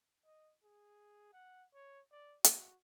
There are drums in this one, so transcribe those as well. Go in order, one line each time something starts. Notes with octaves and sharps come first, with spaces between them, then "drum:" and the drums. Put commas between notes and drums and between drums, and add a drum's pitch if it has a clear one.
D#5
G#4
F#5
C#5
D5
F#4, drum: hi-hat